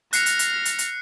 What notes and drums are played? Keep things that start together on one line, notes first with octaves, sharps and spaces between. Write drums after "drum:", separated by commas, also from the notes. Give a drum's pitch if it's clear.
F6 F#6 A#6 C7 C#7, drum: hi-hat
drum: hi-hat
drum: hi-hat
drum: hi-hat
drum: hi-hat